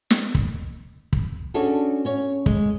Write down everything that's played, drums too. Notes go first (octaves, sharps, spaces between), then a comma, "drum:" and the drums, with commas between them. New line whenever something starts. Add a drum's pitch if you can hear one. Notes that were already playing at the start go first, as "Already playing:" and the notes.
drum: snare
drum: kick
drum: kick
C#4 D4 F#4 G#4 A4 C#5
C#4 C#5
G#3, drum: kick